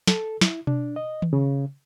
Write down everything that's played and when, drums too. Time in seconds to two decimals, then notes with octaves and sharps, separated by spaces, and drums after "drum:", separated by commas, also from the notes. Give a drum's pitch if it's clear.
0.07 A4, drum: snare
0.41 E4, drum: snare
0.67 D4, drum: tom B2
0.96 D#5
1.22 drum: tom D#3
1.33 C#3